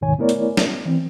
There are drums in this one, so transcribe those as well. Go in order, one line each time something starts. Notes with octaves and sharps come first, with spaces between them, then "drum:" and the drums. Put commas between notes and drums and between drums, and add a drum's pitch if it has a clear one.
D2 G#2 B2 D#3 C#5 G#5
A3 B3 E4 A#4 C#5 D5
drum: hi-hat
drum: snare
E3 C4